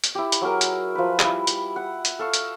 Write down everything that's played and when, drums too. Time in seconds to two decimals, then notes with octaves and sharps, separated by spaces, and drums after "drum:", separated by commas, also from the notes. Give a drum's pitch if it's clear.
0.04 drum: hi-hat
0.15 E4 G4
0.32 drum: hi-hat
0.42 F#3 G#4 A#4
0.61 drum: hi-hat
0.95 F3 B4
1.19 G3 E4, drum: clap
1.47 drum: hi-hat
1.76 F#5
2.05 drum: hi-hat
2.19 A4 F5 C#6
2.34 drum: hi-hat